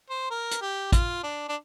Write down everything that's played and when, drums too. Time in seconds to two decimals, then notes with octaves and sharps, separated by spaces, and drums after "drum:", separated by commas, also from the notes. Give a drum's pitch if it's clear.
0.10 C5
0.31 A#4
0.51 drum: hi-hat
0.61 G4
0.92 F4, drum: kick, hi-hat
1.23 D4
1.49 D4